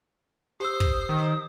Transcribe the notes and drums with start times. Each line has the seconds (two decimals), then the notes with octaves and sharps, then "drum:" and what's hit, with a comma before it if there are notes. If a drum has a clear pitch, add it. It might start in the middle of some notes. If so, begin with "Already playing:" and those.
0.60 G4 C5 D#6 E6
0.80 drum: kick
1.09 D#3